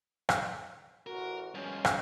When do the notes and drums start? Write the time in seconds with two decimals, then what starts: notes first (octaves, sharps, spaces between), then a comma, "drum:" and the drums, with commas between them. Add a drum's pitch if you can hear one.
0.29 drum: rim click
1.07 A1 F#4 A#4
1.54 G2 F3 G#3 C#4
1.85 drum: rim click